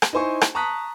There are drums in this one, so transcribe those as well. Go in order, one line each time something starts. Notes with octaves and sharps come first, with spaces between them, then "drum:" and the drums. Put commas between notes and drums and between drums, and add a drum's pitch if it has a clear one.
drum: rim click
D#4 E4 C5 G#5 C#6
drum: rim click
A5 A#5 C#6 D#6 F#6 B6